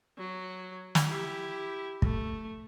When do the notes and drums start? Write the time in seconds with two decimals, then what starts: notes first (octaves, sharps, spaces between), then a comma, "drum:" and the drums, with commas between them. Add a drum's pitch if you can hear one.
0.18 F#3
0.95 drum: snare
1.07 E4 G4
2.02 A3, drum: kick